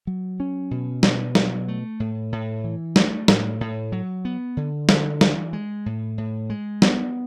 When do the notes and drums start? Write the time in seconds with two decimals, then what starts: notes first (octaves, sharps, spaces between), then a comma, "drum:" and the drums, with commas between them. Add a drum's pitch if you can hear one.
0.07 F#3
0.40 C#4
0.71 B2
1.03 B2, drum: snare
1.35 F#3, drum: snare
1.68 A3
2.00 A2
2.32 A2
2.64 E3
2.96 A3, drum: snare
3.28 A2, drum: snare
3.61 A2
3.92 F#3
4.25 B3
4.57 D3
4.89 D3, drum: snare
5.21 E3, drum: snare
5.53 G#3
5.86 A2
6.18 A2
6.50 G#3
6.82 B3, drum: snare